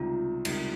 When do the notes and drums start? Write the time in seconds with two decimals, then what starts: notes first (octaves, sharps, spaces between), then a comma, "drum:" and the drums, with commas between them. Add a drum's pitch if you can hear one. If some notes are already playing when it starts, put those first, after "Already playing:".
Already playing: C#2 C3 D#3 G3 F4
0.45 C#2 C3 D#3 G3, drum: cymbal